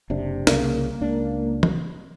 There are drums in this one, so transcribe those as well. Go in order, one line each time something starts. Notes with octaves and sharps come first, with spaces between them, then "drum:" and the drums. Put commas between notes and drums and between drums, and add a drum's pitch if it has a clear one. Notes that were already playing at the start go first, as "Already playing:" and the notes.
F#1 C3 D4
C2 C#3 A#3, drum: snare
C#2 D4
drum: tom